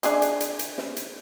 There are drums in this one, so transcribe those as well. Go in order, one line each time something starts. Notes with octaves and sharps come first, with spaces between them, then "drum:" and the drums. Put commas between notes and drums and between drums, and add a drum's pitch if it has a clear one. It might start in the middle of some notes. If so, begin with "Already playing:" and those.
D4 G#4 E5, drum: hi-hat
drum: hi-hat
drum: hi-hat
drum: hi-hat
drum: snare
drum: hi-hat